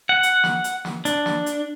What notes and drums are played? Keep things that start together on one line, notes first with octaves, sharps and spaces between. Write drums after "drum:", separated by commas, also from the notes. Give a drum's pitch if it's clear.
F#5
drum: hi-hat
drum: snare
drum: hi-hat
drum: snare
D4, drum: hi-hat
drum: snare
drum: hi-hat